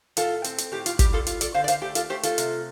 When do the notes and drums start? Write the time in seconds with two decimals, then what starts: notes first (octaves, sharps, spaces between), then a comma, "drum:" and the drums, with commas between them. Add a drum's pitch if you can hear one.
0.17 A2 F4 A4, drum: hi-hat
0.44 C4, drum: hi-hat
0.58 drum: hi-hat
0.72 A2 G4
0.86 F4, drum: hi-hat
0.99 G3 G4, drum: kick, hi-hat
1.13 F4 A4
1.27 F4, drum: hi-hat
1.41 A4 D5, drum: hi-hat
1.54 D3 C5 F5
1.64 D5
1.68 C5 F5, drum: hi-hat
1.82 A3 G4
1.95 F4 A4, drum: hi-hat
2.10 A3 G4 C5
2.23 F4 A4, drum: hi-hat
2.38 C3, drum: hi-hat